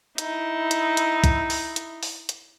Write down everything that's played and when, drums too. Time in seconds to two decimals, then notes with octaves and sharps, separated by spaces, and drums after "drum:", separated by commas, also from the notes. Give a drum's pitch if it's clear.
0.18 D#4 E4, drum: hi-hat
0.71 drum: hi-hat
0.97 drum: hi-hat
1.24 drum: kick, hi-hat
1.50 drum: open hi-hat
1.76 drum: hi-hat
2.03 drum: open hi-hat
2.29 drum: hi-hat